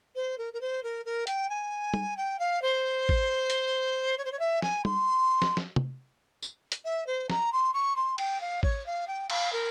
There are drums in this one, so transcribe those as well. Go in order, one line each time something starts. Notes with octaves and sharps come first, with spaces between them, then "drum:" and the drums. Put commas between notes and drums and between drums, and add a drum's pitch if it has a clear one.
C5
A#4
A#4
C5
A#4
A#4
G5, drum: hi-hat
G#5
drum: tom
G5
F5
C5
drum: kick A1
drum: hi-hat
C#5
C5
C#5
E5
G#5, drum: snare
C6, drum: tom
drum: snare
drum: snare
drum: tom
drum: tambourine
drum: hi-hat
E5
C5
A#5, drum: snare
C6
C#6
C6
G5, drum: cymbal
F5
C#5, drum: kick A1
F5
G5
F5, drum: cymbal
A#4